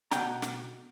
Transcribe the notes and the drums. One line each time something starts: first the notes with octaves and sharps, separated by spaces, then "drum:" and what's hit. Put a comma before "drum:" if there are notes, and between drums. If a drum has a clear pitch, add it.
B2 F#5 G5 A#5, drum: snare
drum: snare